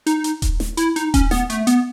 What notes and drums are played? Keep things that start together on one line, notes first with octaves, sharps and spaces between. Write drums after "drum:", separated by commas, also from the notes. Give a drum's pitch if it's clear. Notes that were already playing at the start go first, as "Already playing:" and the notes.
D#4, drum: hi-hat
drum: hi-hat
drum: kick D#1, hi-hat
drum: snare
E4, drum: hi-hat
D#4, drum: hi-hat
C#4, drum: kick D#1, hi-hat
B3, drum: snare
A3, drum: hi-hat
B3, drum: hi-hat